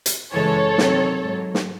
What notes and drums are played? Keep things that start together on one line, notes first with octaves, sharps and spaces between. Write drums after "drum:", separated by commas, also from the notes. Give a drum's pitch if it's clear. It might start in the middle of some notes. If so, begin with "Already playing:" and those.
drum: hi-hat
F#2 C#3 E3 G#3 A4 C#5
C3 D#3 F#3, drum: snare
G#2 F#3
drum: snare